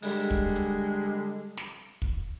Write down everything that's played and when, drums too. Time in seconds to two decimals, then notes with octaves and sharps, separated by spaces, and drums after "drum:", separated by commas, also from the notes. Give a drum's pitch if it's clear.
0.02 D3 G3 G#3, drum: open hi-hat
0.31 drum: kick
0.55 drum: hi-hat
1.57 drum: snare
2.02 drum: kick